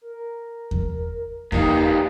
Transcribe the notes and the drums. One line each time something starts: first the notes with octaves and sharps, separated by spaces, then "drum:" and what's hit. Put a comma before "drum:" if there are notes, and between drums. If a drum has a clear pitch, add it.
A#4
drum: kick E2
E2 A#3 D#4 G4, drum: kick E2